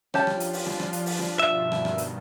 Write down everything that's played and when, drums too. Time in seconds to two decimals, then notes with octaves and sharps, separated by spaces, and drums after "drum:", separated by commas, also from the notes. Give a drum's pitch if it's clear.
0.14 F3 C#4 D4 F4 G4 A5, drum: rim click
0.27 drum: rim click
0.40 drum: hi-hat
0.53 drum: open hi-hat
0.66 drum: rim click
0.80 drum: rim click
0.93 drum: hi-hat
1.06 drum: open hi-hat
1.19 drum: rim click
1.39 G2 B2 D#3 E5
1.72 drum: rim click
1.85 drum: rim click
1.98 drum: hi-hat